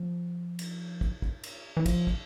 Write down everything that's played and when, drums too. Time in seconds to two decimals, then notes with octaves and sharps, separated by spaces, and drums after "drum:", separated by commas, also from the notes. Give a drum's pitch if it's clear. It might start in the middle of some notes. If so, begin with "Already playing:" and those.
Already playing: F3
0.59 drum: cymbal
1.01 drum: kick
1.22 drum: kick
1.43 drum: cymbal
1.77 E3
1.86 F3, drum: kick, cymbal
2.07 drum: kick